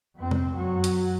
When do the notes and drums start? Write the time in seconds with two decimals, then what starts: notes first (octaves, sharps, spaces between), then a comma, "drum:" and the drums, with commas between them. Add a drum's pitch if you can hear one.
0.16 F2 C4
0.31 drum: tom C3
0.55 F#2 F#3
0.84 drum: hi-hat